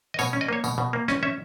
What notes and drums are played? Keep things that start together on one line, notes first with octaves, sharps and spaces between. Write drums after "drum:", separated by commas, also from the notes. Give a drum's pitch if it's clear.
D#5
B2 C#5, drum: tambourine
C#4
D#5
A#3 C#5
B2, drum: tambourine
B2
A#3
C#4 D#5, drum: snare
C#4 E5